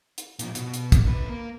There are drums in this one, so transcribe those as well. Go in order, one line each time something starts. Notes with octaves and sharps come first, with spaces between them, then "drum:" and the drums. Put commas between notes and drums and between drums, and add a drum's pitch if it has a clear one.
drum: hi-hat
A#2 F3, drum: hi-hat
B2, drum: hi-hat
drum: hi-hat
drum: kick, hi-hat
D3 B4
A#3